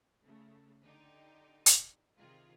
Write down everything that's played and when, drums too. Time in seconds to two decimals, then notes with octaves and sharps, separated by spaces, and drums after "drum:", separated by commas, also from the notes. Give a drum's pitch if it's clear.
0.23 C#3 A3
0.81 D3 D#4 G4
1.66 drum: hi-hat
2.17 C3 D#3 F4 G#4